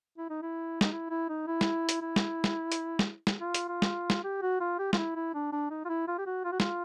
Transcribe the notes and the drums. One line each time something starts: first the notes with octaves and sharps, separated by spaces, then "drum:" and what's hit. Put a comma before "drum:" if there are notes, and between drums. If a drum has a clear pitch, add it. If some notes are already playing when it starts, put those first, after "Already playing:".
E4
D#4
E4
D#4, drum: snare
E4
E4
D#4
E4
drum: snare
drum: hi-hat
E4
drum: snare
drum: snare
drum: hi-hat
drum: snare
drum: snare
F4
drum: hi-hat
F4
drum: snare
drum: snare
G4
F#4
F4
G4
F4, drum: snare
E4
E4
D4
D4
D#4
F4
E4
F4
G4
F#4
F4
F#4
F4, drum: snare